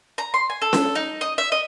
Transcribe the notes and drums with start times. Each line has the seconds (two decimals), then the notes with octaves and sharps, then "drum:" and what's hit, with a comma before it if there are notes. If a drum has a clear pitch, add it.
0.18 A#5
0.34 C6
0.50 G#5
0.61 A4
0.73 drum: snare C#4
0.95 D#4
1.21 D#5
1.38 E5
1.52 D#5